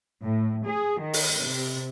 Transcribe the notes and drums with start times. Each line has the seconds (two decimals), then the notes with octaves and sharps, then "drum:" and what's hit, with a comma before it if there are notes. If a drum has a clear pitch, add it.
0.23 A2
0.66 G#4
1.01 D#3
1.13 drum: open hi-hat
1.41 C3